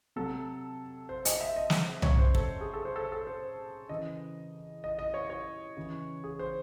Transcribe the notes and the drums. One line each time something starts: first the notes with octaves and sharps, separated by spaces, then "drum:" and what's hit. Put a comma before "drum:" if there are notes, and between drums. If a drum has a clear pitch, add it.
C3 F#3 A4
C5
D#5, drum: hi-hat
E5
D#5
drum: snare
C#3 F#3 C#5, drum: tom C2
C5
A4, drum: kick
G#4
A4
C5
A4
A4
C5
C#3 E3 D#5
D#5
D#5
C#5
C#5
C#3 E3
G#4
C5